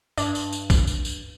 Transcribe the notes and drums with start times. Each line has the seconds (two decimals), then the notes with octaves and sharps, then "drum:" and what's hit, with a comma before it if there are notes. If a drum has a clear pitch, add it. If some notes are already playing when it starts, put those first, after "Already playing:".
0.18 G2 D4, drum: tambourine
0.35 drum: tambourine
0.52 drum: tambourine
0.70 drum: kick, tambourine
0.87 drum: tambourine
1.05 drum: tambourine